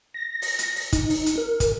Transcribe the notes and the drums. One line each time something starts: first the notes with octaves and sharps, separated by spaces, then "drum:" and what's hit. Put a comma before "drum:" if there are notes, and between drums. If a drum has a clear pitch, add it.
A#6
drum: open hi-hat
drum: hi-hat
drum: open hi-hat
D#4, drum: kick, hi-hat
drum: open hi-hat
drum: hi-hat
A#4
drum: kick, hi-hat